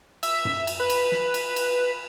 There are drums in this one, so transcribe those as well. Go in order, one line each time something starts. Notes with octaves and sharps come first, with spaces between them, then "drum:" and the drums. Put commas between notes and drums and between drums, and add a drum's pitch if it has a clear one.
E5, drum: cymbal
drum: tom F#2
drum: cymbal
B4
drum: cymbal
drum: snare
drum: cymbal
drum: cymbal